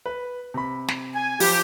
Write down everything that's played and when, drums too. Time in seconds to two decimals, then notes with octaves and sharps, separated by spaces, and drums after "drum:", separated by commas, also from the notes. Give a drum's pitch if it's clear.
0.06 B4
0.54 C3 B5
0.88 drum: snare
1.15 G#5
1.40 F3 G4, drum: open hi-hat